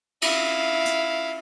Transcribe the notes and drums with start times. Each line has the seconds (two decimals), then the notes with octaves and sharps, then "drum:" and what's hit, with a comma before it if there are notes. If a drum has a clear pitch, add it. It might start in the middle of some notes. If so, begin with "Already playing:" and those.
0.22 E4 F5, drum: cymbal
0.86 drum: hi-hat